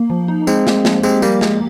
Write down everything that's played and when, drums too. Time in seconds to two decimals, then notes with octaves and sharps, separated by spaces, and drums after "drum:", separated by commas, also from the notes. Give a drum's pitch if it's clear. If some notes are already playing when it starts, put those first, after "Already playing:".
Already playing: A#3
0.10 F3
0.28 D#4
0.47 G#3 C4 D#4, drum: tambourine
0.67 A#3, drum: snare
0.85 F3, drum: snare
1.03 G#3 C4 G4, drum: tambourine
1.22 G3 A#3 G4, drum: tambourine
1.41 G#3 A#3, drum: snare